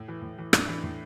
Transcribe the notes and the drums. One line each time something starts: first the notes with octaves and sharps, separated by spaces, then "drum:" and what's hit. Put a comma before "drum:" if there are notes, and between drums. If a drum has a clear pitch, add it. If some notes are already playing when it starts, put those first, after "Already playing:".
Already playing: A2
E3
A2
E3
A2 D4, drum: rim click
E3
A2